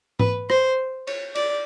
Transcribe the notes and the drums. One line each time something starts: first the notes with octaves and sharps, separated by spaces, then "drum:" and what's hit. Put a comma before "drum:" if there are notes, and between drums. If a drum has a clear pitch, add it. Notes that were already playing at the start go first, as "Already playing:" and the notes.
B4, drum: tom G#2
C5, drum: rim click
C#5, drum: cymbal
D5, drum: cymbal